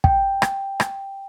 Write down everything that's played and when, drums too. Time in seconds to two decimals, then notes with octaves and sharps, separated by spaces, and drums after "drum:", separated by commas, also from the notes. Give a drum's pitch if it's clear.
0.04 G5, drum: kick
0.42 drum: rim click
0.80 drum: rim click